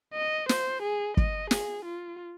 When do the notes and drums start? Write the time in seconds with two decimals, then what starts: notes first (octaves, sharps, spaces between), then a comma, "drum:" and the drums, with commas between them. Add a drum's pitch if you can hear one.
0.15 D#5
0.49 C5, drum: snare
0.82 G#4
1.17 D#5, drum: kick
1.51 G#4, drum: snare
1.85 F4